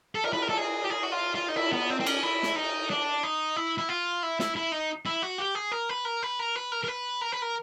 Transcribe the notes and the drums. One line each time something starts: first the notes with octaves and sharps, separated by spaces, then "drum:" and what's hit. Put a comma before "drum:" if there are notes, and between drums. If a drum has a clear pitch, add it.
A4
A#4, drum: cymbal
B4
A#4
A4
G#4
G4
G#4
F#4
F4
F4
D#4
E4, drum: cymbal
B3
C4
C4
C#4, drum: cymbal
E4
drum: snare
D#4
D4
D#4
E4
E4
F4
E4
E4, drum: snare
E4
D#4
E4
F#4
G4
G#4
A#4
B4
A#4
B4
A#4
B4
A#4
A#4
B4
A#4
B4
A#4